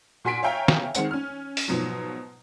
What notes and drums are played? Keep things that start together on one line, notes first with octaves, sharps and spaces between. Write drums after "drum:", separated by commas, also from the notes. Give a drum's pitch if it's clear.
A#2 F#4 G#5 C6 B6 D7
C#5 E5 F5 G5 G#5 A#5
drum: snare
D#3 G#3 C4 F#5, drum: tambourine
C#4 F6
drum: open hi-hat
G#2 B2 F3 F#3